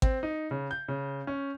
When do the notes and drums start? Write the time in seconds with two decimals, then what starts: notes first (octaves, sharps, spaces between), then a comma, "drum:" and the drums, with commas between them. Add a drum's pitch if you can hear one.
0.02 C4, drum: kick G#1
0.23 D#4
0.51 C#3
0.71 G6
0.88 C#3
1.27 C#4